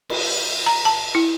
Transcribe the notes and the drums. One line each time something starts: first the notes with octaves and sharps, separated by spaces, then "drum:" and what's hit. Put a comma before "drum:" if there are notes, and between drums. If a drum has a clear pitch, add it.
drum: cymbal
A#5
A5
E4